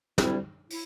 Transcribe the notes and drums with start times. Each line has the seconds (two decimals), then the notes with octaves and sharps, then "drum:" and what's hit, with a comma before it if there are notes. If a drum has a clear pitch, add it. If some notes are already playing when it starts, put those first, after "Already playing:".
0.18 D2 C3 G3 C4 E4, drum: snare
0.70 E4, drum: open hi-hat